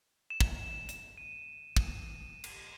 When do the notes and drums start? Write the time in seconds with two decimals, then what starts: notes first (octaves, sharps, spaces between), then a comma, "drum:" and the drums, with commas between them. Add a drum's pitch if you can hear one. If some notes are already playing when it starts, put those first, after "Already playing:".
0.30 E7
0.41 drum: kick
0.89 E7, drum: hi-hat
1.17 D#7
1.77 drum: kick
2.44 drum: cymbal